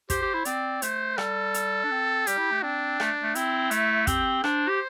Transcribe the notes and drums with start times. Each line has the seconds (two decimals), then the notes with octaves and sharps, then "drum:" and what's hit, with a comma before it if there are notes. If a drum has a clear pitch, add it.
0.10 G4 C5, drum: kick, hi-hat
0.22 G4
0.34 E4
0.45 C4 D5, drum: hi-hat
0.82 A3 C5, drum: hi-hat
1.18 G3 A4, drum: rim click
1.54 drum: hi-hat
1.84 D4
1.91 C4
2.27 G3 G4, drum: hi-hat
2.38 E4
2.51 A3
2.63 C4 D4
3.00 A3, drum: rim click
3.23 A3
3.35 C4 E4, drum: hi-hat
3.71 A3, drum: hi-hat
4.07 C4 G4, drum: kick, hi-hat
4.44 D4 C5, drum: rim click
4.69 G4